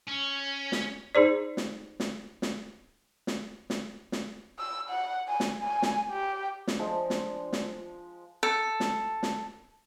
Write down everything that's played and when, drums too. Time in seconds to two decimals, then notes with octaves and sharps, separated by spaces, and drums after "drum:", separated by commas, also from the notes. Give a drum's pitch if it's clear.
0.07 C#4
0.72 drum: snare
1.15 D#4 G#4 C5 D5
1.57 drum: snare
2.00 drum: snare
2.42 drum: snare
3.27 drum: snare
3.70 drum: snare
4.12 drum: snare
4.59 E6
4.90 F#5
5.29 G#5
5.40 drum: snare
5.63 G#5
5.82 drum: snare
6.11 G4
6.67 drum: snare
6.79 F3 G#3 D4
7.10 drum: snare
7.53 drum: snare
8.43 A4
8.80 drum: snare
9.23 drum: snare